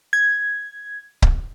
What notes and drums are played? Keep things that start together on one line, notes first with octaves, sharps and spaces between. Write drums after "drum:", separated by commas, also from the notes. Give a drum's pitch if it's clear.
G#6
drum: kick C#1